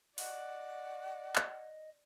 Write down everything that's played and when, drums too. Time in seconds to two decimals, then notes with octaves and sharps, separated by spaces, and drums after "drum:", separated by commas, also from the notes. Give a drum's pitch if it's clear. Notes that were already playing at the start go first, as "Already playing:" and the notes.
0.18 D5 D#5 F#5, drum: open hi-hat
1.36 drum: clap